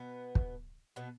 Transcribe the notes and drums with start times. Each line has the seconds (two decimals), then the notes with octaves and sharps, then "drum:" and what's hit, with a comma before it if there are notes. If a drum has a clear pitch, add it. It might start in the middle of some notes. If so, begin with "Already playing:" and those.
Already playing: B2 B3
0.35 drum: kick
0.96 B2 B3